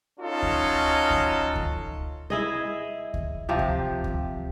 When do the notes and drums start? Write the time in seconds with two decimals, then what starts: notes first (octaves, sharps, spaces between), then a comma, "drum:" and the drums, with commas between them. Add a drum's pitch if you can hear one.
0.20 C#4 D#4 F4 F#4 A4
0.43 drum: kick D2
1.10 drum: kick D2
1.56 drum: kick D2
2.30 E4 G#4 D#5
3.14 drum: kick D2
3.49 C3 F3 G4
3.59 drum: kick D2
4.04 drum: kick D2